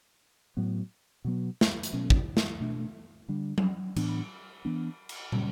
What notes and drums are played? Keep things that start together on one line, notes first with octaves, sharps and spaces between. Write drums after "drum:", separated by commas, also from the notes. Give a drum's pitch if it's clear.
A2 F#3 B3
B2 F#3 B3
drum: snare
drum: hi-hat
B2 F#3 C#4
drum: kick
drum: snare
B2 A3 D4
D3 G3 D4
drum: tom F#3
A2 E3 B3 D4, drum: cymbal
E3 B3 D4
drum: cymbal
C#3 G3 C#4, drum: tom